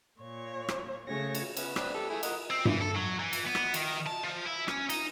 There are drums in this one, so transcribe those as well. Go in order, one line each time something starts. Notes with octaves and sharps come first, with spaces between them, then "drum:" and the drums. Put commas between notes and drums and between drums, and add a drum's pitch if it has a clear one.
A#2 C#5
drum: rim click
C#3 A3 C#4 F#4 C#5 A#6
drum: cymbal
B3 C#4, drum: cymbal
B3 C4 D4, drum: rim click
G4 A4
A3 E4 G#4
A#4 D#5 F#5, drum: cymbal
C4
E3, drum: tom G2
A4
F#3
E3
drum: cymbal
B3
drum: rim click
D#3, drum: cymbal
A5
F3
E4
C#4, drum: rim click
D#4, drum: cymbal